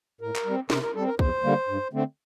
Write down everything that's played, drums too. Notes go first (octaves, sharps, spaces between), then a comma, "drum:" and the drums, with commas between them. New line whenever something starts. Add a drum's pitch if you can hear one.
A2 A#4
drum: clap
G3
C4
C3 A#4, drum: snare
A#4
G3 C4 A4
A#4
E2 C5, drum: kick
D3 G3 A#3
G2
D3 A3 C4